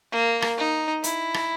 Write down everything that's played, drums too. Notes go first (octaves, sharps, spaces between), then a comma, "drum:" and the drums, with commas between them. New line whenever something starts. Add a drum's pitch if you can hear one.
A#3
drum: rim click
D#4
E4, drum: hi-hat
drum: rim click